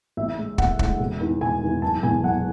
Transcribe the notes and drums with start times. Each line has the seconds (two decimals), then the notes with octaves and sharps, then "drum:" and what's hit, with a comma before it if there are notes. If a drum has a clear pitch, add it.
0.17 A1 E5
0.38 A2 G#3
0.58 A1 F#5, drum: kick
0.79 A2 G#3, drum: kick
0.99 E1
1.20 E2 D#3
1.41 E1 G#5
1.62 E2 D#3
1.82 F#1 A5
2.03 E2 B2 G#3 G#5
2.24 F#1 F#5